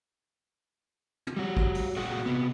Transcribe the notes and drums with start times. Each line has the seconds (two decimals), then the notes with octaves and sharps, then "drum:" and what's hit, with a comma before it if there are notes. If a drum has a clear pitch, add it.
1.27 drum: tom
1.36 G3 F#4
1.57 drum: kick
1.75 drum: open hi-hat
1.97 A#2 F#4 G#4 F#5
2.26 C3 B3